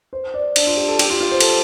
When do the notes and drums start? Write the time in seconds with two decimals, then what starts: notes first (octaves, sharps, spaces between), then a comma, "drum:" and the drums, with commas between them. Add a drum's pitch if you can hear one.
0.13 C5
0.34 D5
0.56 D4, drum: cymbal
0.67 F4
0.77 G4
0.88 A4
0.99 G4, drum: cymbal
1.10 F4
1.20 F4
1.31 C5
1.40 A4, drum: cymbal